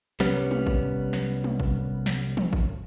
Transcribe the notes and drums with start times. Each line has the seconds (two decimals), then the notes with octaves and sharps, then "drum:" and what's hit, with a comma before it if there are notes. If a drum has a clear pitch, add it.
0.20 C2 G3 B3 C#4, drum: snare
0.51 drum: tom
0.67 drum: kick G#1
1.13 drum: snare
1.44 drum: tom
1.60 drum: kick G#1
2.06 drum: snare
2.37 drum: tom
2.53 drum: kick G#1